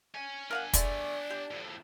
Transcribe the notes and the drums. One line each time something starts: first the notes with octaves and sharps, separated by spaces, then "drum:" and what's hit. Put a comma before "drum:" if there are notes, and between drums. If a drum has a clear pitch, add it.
C#5 G#5
D4 A#4 F5 F#5 G#5
D3 A3 G#4 D5, drum: kick, hi-hat
G4
F2 A2